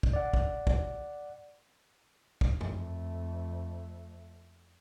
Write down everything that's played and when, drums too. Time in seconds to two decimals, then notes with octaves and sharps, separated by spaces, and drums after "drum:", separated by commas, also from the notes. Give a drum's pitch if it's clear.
0.03 drum: kick
0.13 D5 F#5
0.33 drum: kick
0.67 drum: kick
2.41 drum: kick
2.61 F2 A3, drum: tom F2